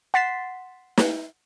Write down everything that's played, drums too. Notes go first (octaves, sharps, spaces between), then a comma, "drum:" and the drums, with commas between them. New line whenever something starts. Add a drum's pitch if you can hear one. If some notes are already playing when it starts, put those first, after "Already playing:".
F#5 C6 A6 B6 C7 E7
drum: snare